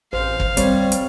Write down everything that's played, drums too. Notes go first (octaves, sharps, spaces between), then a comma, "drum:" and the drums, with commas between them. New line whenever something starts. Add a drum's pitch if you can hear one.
A1 C5 F5
drum: kick
G3 C4 C#5, drum: hi-hat
drum: hi-hat